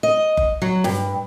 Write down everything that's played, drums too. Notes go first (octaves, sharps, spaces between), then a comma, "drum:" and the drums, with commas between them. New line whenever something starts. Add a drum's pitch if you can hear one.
D#5
drum: kick F#1
F#3
G2, drum: snare